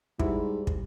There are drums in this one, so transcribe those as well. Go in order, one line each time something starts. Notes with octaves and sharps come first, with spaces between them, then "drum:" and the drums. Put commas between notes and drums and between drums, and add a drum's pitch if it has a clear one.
G#2 G3 E4, drum: kick
drum: kick